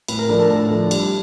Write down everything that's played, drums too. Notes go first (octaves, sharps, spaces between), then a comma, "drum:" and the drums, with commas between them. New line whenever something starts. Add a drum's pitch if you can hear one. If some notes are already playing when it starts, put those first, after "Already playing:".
A2 B4, drum: cymbal
A#4
F3 A3 D4 A#4
A4
A2 A4
F3 A3 D4
G3, drum: cymbal